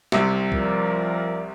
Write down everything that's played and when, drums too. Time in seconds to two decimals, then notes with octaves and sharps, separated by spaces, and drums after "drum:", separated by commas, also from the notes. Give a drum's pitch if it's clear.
0.12 C2 C3, drum: snare
0.52 F3 A#4 D5, drum: kick